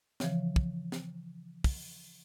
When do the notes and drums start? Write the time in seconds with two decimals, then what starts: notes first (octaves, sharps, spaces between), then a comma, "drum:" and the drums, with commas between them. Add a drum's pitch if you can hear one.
0.20 C#3 E3 F3, drum: snare
0.56 drum: kick
0.92 drum: snare
1.64 drum: kick, open hi-hat